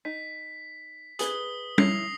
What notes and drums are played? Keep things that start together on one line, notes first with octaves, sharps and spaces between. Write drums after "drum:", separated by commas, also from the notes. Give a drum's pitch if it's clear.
D#4 B6
G#4 B4 D#6 G7, drum: hi-hat
C#4 E4 A#6 C7 F7, drum: tom